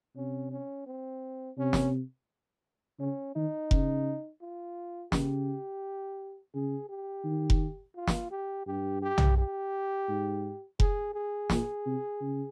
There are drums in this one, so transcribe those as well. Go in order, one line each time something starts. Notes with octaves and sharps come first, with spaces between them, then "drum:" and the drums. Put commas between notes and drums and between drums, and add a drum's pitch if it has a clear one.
C3 C#4
C#4
C4
C3 C#4
drum: snare
C#3 C#4
D#3 D#4
C#3, drum: kick F1
F4
C#3 G4, drum: snare
C#3 G#4
G4
D#3
drum: kick F1
F4
drum: snare
G4
G2 G4
G4
drum: tom B1
G4
G#2
G#4, drum: kick F1
G#4
A#2, drum: snare
C3
C#3